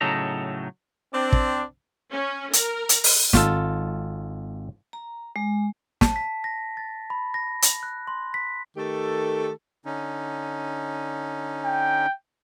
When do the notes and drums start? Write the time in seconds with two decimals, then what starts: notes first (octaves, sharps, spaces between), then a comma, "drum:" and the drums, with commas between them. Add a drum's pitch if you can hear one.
0.01 A2 C#3 F#3 D#4 A4 A#5
1.13 C4 D4
1.32 drum: kick
2.12 C#4
2.53 A#4, drum: hi-hat
2.89 drum: hi-hat
3.04 drum: open hi-hat
3.33 G#1 F4 A4, drum: snare
4.93 A#5
5.36 G#3
6.01 A5, drum: snare
6.16 B6
6.44 A#6
6.77 A6
7.10 B5
7.34 A#6
7.62 drum: hi-hat
7.83 F#6
8.07 C6
8.34 B6
8.77 D#3 A3 G4 A4
9.85 D3 C#4 D#4
11.65 G5